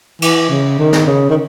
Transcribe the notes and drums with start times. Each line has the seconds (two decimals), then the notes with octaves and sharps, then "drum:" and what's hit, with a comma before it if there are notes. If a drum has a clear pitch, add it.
0.22 E3, drum: cymbal
0.50 C#3
0.79 D#3
0.93 drum: snare
1.06 C#3
1.30 D#3